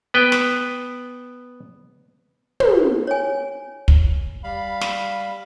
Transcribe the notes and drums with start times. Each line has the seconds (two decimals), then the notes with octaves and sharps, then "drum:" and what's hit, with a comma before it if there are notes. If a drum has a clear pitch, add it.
0.14 B3 B4 G5
0.32 drum: snare
2.60 drum: tom
3.07 C#5 G#5
3.88 drum: kick
4.44 G3 F5 B5
4.81 drum: snare